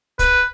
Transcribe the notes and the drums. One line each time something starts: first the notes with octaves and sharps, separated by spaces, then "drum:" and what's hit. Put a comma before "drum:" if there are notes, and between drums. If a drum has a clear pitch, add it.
B4, drum: kick, hi-hat